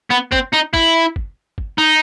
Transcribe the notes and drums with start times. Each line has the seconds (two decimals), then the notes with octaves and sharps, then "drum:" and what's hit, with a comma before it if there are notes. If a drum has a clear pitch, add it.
0.11 B3
0.32 C4, drum: kick
0.54 D#4
0.74 E4, drum: kick
1.16 drum: kick
1.58 drum: kick
1.78 D#4